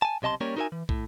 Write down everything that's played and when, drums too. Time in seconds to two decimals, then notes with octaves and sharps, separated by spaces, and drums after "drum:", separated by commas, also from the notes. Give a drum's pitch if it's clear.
0.02 G#5 A5
0.22 B1 C3 D#5 A5 C6
0.41 G3 A#3 C#4 A#4 C#5
0.57 D#4 F#4 A#4 B4 E5 G#5
0.72 E3
0.89 A2, drum: kick